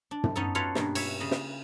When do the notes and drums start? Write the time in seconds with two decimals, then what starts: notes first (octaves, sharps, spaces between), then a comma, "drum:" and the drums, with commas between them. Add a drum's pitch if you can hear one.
0.11 D4
0.24 drum: tom
0.35 B3 C#4 D#4 A4
0.55 F4 F#4 A4 B4 C#5 F5
0.75 G2 B2 A#3, drum: snare
0.95 C#5 E5, drum: cymbal
1.20 C#3 D#5
1.31 drum: snare